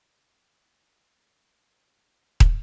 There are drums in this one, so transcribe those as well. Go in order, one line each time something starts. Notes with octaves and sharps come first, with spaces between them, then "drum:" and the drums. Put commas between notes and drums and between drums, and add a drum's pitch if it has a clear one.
F#4 C5 C#5 G#5
drum: kick